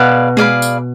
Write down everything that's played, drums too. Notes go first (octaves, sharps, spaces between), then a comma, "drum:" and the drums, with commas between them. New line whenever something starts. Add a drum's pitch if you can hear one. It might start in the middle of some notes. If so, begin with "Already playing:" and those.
Already playing: B2 G#4 D5 F5 B5
G#4 D5 F5 B5, drum: tom G#3
drum: tambourine